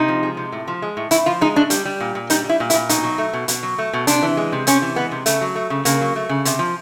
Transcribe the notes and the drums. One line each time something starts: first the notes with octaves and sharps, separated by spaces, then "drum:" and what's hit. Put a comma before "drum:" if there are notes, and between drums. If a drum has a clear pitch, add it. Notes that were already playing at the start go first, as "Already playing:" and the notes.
Already playing: C3 D#4
F3
G#3
C3
A2
F3
G#3
A2
A2 E4, drum: hi-hat
F3 F4
G#3 D#4
A2 D4
G3, drum: hi-hat
G3
A#2
A#2
G3 D#4, drum: hi-hat
G3
E4
A#2
E4, drum: hi-hat
A#2
B2 D#4, drum: hi-hat
F#3
A3
B2
B2, drum: hi-hat
F#3
A3
B2
C3 D4, drum: hi-hat
E3
G#3
C3
C3 C#4, drum: hi-hat
E3
G#3 B3
C3
C#3 A3, drum: hi-hat
F#3
A3
C#3
C#3 A#3, drum: hi-hat
F#3
A3
C#3
C3, drum: hi-hat
F3